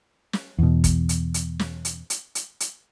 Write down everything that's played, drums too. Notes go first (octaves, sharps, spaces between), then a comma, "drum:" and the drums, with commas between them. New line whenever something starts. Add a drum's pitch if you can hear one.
drum: snare
E2 B2
drum: kick, hi-hat
drum: hi-hat
drum: hi-hat
drum: snare
drum: hi-hat
drum: hi-hat
drum: hi-hat
drum: hi-hat